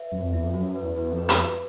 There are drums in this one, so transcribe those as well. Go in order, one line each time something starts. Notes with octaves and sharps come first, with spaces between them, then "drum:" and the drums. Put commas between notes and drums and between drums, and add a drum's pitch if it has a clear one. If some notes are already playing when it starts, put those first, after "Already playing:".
Already playing: B4 E5
F#2 E5
F2
E2 E5
F2
F#2 F#4
B4
E2
B4
F2
B4
drum: hi-hat
B4